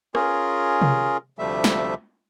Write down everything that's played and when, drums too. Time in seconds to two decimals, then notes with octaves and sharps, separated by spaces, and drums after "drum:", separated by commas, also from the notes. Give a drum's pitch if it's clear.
0.15 C#4 F4 G#4 A#4, drum: rim click
0.82 drum: tom C3
1.39 D2 C3 F3 G3 A3 E5
1.64 drum: snare